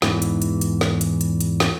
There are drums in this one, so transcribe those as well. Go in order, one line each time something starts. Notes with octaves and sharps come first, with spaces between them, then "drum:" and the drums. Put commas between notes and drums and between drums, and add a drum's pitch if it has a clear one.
E2 G#2 E3, drum: snare
drum: hi-hat
drum: hi-hat
drum: hi-hat
drum: snare
drum: hi-hat
drum: hi-hat
drum: hi-hat
drum: snare